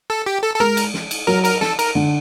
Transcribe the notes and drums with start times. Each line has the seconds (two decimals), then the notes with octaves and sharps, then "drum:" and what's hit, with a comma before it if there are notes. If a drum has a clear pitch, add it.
0.10 A4
0.26 G4
0.43 A4
0.54 A4
0.60 G#3 A#4
0.77 drum: cymbal
0.94 drum: snare
1.11 drum: cymbal
1.27 F#3 A#4
1.45 A#4, drum: cymbal
1.61 A4, drum: snare
1.79 A#4, drum: cymbal
1.95 D3